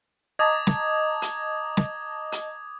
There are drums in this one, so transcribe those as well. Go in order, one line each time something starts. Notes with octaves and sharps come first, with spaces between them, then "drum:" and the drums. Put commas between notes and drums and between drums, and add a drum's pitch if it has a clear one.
D#5 A5 A#5 D6 D#6 G#6
drum: snare
drum: hi-hat
drum: snare
drum: hi-hat